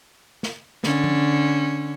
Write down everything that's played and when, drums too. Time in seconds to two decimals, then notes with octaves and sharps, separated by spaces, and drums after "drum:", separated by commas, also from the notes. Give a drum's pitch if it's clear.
0.43 drum: snare
0.84 D3 C#4, drum: snare
1.04 drum: tom F3